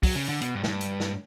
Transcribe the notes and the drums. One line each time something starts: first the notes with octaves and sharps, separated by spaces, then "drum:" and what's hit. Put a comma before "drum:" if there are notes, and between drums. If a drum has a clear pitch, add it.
F#3, drum: kick, open hi-hat
C#3
D3
B2, drum: hi-hat
G2
A2, drum: snare
G2
drum: hi-hat
drum: snare